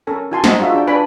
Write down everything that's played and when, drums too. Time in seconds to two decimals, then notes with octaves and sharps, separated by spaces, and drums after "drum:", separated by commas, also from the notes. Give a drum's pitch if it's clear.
0.07 C#4 A4 A#4 G#5
0.31 E4 F#4 G#5 A5 C6
0.44 D#4 C5 D#5 F#5, drum: snare
0.59 D4 F4 F#4 G#4 E5
0.75 D4 G5
0.87 D4 B4 G#5 B5